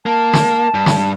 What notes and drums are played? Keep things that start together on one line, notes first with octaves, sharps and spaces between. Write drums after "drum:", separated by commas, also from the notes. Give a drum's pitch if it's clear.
A#3 A5
drum: snare
G2
drum: snare